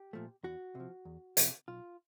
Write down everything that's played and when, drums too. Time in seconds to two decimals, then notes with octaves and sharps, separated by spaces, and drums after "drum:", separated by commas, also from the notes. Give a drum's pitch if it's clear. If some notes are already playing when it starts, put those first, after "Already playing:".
Already playing: G4
0.13 A#2 F3 A3
0.43 E2 F#4
0.75 C3 F3
1.05 E2
1.37 C3 F3, drum: hi-hat
1.68 B1 F4